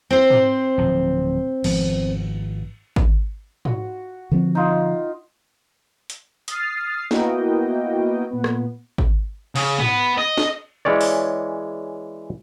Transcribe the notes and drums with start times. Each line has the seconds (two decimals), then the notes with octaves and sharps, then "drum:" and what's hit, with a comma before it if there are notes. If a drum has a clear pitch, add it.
0.11 C4 C5
0.30 drum: tom G#2
0.78 D1 F3
1.64 G#1 F3 B3, drum: cymbal
2.96 drum: kick G#1
3.65 F#4, drum: tom G#2
4.31 D3 F3 C4
4.55 D#4 F4
6.10 drum: hi-hat
6.48 D#6 F6 A6 C7, drum: hi-hat
7.11 A#3 B3 E4 F#4 D#5 G5, drum: snare
8.31 A#2 B3
8.44 drum: rim click
8.98 drum: kick G#1
9.56 C#3, drum: cymbal
9.79 B3, drum: tom G#2
10.18 D#5
10.37 drum: snare
10.85 E3 G#3 C#4 C#5 D5
11.01 drum: open hi-hat